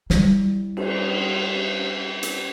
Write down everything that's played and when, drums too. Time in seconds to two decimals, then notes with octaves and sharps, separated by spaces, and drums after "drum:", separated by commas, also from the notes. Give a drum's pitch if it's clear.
0.10 G3 E4, drum: snare
0.77 drum: cymbal
2.23 drum: hi-hat